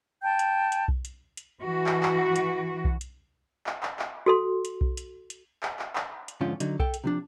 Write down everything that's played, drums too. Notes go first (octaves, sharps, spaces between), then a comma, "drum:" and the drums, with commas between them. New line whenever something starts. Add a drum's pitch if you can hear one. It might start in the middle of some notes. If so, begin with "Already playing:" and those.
G5 A5 G6
drum: hi-hat
drum: hi-hat
drum: kick B1
drum: hi-hat
drum: hi-hat
E3 F#4
drum: clap
drum: clap
drum: hi-hat
drum: kick B1
drum: hi-hat
drum: clap
drum: clap
drum: clap
F#4 A4 C6
drum: hi-hat
drum: kick B1
drum: hi-hat
drum: hi-hat
drum: clap
drum: clap
drum: clap
drum: hi-hat
F2 G#2 D3 F3 C#4 F4
D3 F#3 D#4, drum: hi-hat
A4 G5, drum: kick B1
drum: hi-hat
C3 F3 D4